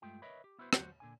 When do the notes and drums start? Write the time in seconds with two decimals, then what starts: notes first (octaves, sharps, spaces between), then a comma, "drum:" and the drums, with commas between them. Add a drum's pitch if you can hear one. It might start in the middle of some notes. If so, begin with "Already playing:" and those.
0.02 G2 G#3 A3 F4 G5
0.22 A#4 B4 C#5 D#5 E5 B5
0.44 G4
0.58 B3 E4 F#4 B4 C5
0.73 D2 F#3 F#4 C5 F#5, drum: rim click
1.00 A#2 D3 G#5